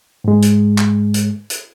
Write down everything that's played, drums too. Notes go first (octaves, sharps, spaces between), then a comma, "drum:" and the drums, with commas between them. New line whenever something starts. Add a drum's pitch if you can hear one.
G#2 G#3
drum: hi-hat
drum: clap
drum: hi-hat
drum: hi-hat